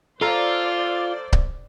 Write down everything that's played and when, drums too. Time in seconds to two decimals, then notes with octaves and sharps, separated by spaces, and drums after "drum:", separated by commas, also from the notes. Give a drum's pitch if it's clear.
0.21 F4 A4 C5 D5 F5 A#5
1.33 drum: kick C#1